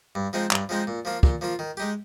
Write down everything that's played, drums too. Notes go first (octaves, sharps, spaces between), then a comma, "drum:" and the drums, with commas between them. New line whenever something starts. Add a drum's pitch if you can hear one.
G2
F3 G#3 C4 D#4
G2, drum: clap
F3 G#3 C4 D#4
A#2
F3 A#3 F4
A#2, drum: kick
F3 A#3 F4
D#3
G#3 D#4 G4